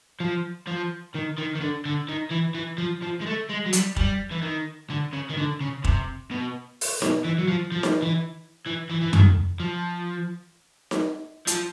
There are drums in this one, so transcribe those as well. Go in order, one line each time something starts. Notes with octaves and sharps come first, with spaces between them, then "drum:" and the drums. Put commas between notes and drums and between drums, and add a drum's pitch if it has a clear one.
F3
F3
D#3
D#3
D#3
D3
D3
D#3
E3
E3
F3
F3
G#3
A3
G#3
F#3
G3, drum: hi-hat
G3, drum: kick
E3
D#3
D3
C#3
D#3
D3
C#3
C3, drum: kick
B2
drum: open hi-hat
B2, drum: snare D#4
E3
F#3
F3
F3
drum: snare D#4
E3
E3
E3
E3
D#3, drum: tom F2
F3
drum: snare D#4
F3, drum: hi-hat